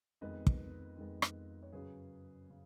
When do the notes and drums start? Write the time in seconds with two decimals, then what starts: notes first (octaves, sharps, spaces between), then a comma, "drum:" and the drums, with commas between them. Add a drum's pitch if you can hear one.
0.21 F2 D#3 G#3 B3 B4 D#5
0.47 drum: kick
0.97 F2 D#3 G#3 B3
1.22 drum: rim click
1.63 C#5
1.72 F#2 C#3 F#3 C#4 G#4 B4
2.50 C#3